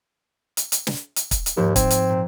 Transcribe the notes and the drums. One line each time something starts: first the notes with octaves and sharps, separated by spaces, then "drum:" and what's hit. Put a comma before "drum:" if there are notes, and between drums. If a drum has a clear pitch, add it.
drum: hi-hat
drum: hi-hat
drum: snare
drum: hi-hat
drum: kick, hi-hat
drum: hi-hat
D#2 G#2 F3
C4 G#6, drum: kick, hi-hat
drum: hi-hat
A#2